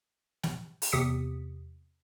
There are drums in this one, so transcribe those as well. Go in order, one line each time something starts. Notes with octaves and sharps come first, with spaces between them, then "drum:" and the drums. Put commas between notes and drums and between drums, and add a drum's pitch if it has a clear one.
drum: snare
drum: open hi-hat
E2 C3 G4 D#6 B6 C#7